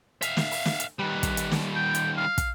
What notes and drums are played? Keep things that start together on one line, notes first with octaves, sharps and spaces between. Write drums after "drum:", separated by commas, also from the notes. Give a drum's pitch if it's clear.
E5 F5, drum: hi-hat
drum: snare
drum: open hi-hat
drum: snare
drum: hi-hat
D#3 G3 B4
drum: kick, hi-hat
drum: hi-hat
drum: snare
G5
drum: hi-hat
F5
drum: kick, hi-hat